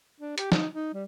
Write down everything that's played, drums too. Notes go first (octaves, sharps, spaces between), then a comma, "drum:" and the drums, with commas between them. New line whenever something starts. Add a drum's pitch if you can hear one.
D4
G4, drum: hi-hat
D#4, drum: snare
D#4
G3